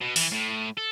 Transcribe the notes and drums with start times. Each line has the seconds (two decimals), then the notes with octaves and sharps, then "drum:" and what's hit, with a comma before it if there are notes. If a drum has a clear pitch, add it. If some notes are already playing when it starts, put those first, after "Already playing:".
0.01 B2
0.16 E3, drum: open hi-hat
0.32 A2
0.77 A4